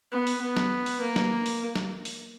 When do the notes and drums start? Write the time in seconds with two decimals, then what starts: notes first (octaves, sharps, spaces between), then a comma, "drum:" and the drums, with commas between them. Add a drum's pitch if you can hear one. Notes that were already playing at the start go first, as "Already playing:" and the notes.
0.12 B3
0.27 drum: open hi-hat
0.41 B3
0.57 drum: snare
0.86 drum: open hi-hat
1.01 A#3
1.16 drum: snare
1.46 drum: open hi-hat
1.76 drum: snare
2.05 drum: open hi-hat